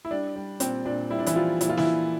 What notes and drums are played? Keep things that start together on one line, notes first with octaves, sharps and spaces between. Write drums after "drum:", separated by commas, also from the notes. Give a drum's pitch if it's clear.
E4
G3 D4
G3
A#2 C4, drum: hi-hat
A#2 D4
G3 E4
D4
E3 E4, drum: hi-hat
F3 G3 F4
A#2 E4, drum: hi-hat
F4
E3 E4, drum: snare
A#2